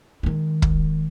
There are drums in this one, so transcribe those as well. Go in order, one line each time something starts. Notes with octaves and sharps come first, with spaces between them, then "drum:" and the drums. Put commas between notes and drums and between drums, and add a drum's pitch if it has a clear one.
D#3 G#3
drum: kick